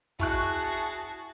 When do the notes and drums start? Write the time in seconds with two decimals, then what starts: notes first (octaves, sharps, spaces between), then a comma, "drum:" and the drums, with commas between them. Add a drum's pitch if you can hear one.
0.19 E4 F#4 G#4 A5 C#6 F#6, drum: kick
0.42 drum: hi-hat